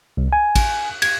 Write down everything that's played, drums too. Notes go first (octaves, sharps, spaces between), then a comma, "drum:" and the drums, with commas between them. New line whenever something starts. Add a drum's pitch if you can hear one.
C2
G#5
drum: kick, cymbal
G#6, drum: cymbal